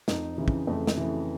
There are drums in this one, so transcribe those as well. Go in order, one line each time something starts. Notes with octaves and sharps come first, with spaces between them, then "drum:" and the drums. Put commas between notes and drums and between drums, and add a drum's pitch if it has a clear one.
F2 D#4, drum: snare
C#3 E3
drum: kick
F2 A3
drum: snare
C#3 E3